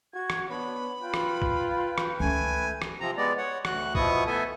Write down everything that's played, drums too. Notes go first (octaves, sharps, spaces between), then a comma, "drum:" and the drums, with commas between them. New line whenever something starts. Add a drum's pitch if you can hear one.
F#4 G#6
drum: rim click
B3 D4 C#5 B5
F4 B4 G5
drum: rim click
drum: kick
drum: rim click
C#2 D#3 A3 G#5
drum: rim click
C3 F3 C4 A#5
G#3 B3 D5
C#5 F#5
D2 F#4 F#6, drum: rim click
B2 F3 B3 E4 C#6 D#6, drum: kick
A3 B3 A4 E5 G#5